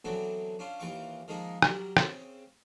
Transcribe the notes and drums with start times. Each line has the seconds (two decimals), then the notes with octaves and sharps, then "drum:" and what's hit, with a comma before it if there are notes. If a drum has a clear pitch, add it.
0.05 D3 E3 F#3 B3 C4 D4
0.59 C#4 D4 F4
0.80 D#2 E3 F4 G5 C#6 D6
1.28 D#3 F3 G#3 A#3 D#4
1.62 F#3 G3 A#4, drum: rim click
1.97 C#3 C4, drum: rim click